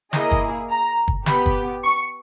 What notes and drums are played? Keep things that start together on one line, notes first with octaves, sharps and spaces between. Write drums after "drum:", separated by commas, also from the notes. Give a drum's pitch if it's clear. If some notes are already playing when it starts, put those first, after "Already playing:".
A#3 E4 G#4 D#5, drum: snare
drum: kick
A#5
drum: kick
B3 G4 B5, drum: snare
drum: kick
C#6